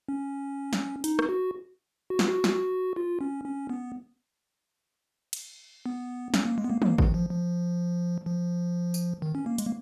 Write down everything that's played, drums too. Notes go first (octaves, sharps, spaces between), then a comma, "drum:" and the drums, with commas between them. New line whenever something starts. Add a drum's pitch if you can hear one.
C#4
drum: snare
D#4, drum: hi-hat
drum: rim click
F#4
F#4
F4, drum: snare
F#4
F4, drum: snare
F#4
F4
C#4
C#4
B3
drum: cymbal
B3
C#4, drum: snare
A#3
G#3
B3
A#3
A#3, drum: tom
D#3, drum: kick A1
F3
F3
F3
drum: tambourine
D#3
C#4
A#3
G#3, drum: hi-hat
A#3